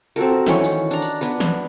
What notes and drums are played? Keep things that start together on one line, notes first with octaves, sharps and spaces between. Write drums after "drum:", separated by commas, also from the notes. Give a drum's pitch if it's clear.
C4 F#4 A4 A#4
D#3 E3 C#4 C#5, drum: snare
drum: tambourine
D4 A#5
drum: tambourine
B3 D4 B4
drum: snare